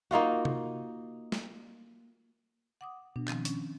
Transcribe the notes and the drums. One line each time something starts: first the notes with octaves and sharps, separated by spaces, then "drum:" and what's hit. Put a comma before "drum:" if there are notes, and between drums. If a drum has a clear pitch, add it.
A#3 D#4 F4 F#4
drum: tom C3
drum: snare
F#5 D6 D#6
B2 D4
D#3 F3 C4, drum: clap
C#4, drum: hi-hat